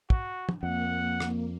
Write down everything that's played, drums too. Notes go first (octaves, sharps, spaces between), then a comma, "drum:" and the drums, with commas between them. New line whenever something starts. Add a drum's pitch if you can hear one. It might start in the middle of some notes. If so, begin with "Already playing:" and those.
F#4, drum: kick
drum: tom
F2 A#3 F#5
drum: rim click